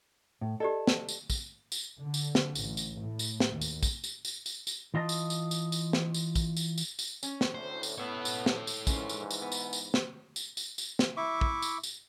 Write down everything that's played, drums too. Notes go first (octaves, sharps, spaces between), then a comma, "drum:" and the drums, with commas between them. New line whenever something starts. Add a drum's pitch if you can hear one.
A2
G4 A4 D5 D#5
drum: snare
drum: tambourine
drum: kick, tambourine
drum: tambourine
D3
drum: tambourine
drum: snare
A1, drum: tambourine
drum: tambourine
A2
drum: tambourine
drum: snare
D#2
drum: tambourine
drum: kick, tambourine
drum: tambourine
drum: tambourine
drum: tambourine
drum: tambourine
E3 F4 D#5 A5
drum: tambourine
drum: tambourine
drum: tambourine
drum: tambourine
drum: snare
drum: tambourine
drum: kick, tambourine
drum: tambourine
drum: tambourine
drum: tambourine
C#4, drum: tambourine
drum: snare
D2 A2 C5
drum: tambourine
B3 A4 C#5
drum: tambourine
drum: snare
drum: tambourine
G#2 E3 F3 C#4, drum: kick, tambourine
drum: tambourine
drum: tambourine
B3
drum: tambourine
drum: tambourine
drum: snare
drum: tambourine
drum: tambourine
drum: tambourine
drum: snare
E4 E5 C#6 D6
drum: kick
drum: tambourine
drum: tambourine